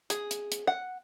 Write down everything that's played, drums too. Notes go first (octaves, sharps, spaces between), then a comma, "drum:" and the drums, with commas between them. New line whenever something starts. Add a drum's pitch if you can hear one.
G#4, drum: hi-hat
drum: hi-hat
drum: hi-hat
F#5